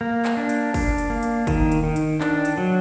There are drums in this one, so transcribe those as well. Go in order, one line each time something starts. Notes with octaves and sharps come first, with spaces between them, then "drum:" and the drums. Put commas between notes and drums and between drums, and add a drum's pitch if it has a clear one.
A#3
drum: clap
D4
drum: hi-hat
D4, drum: kick, open hi-hat
drum: hi-hat
A#3
drum: hi-hat
D#3, drum: kick, hi-hat
drum: hi-hat
D#3
drum: hi-hat
D4, drum: clap
drum: hi-hat
F#3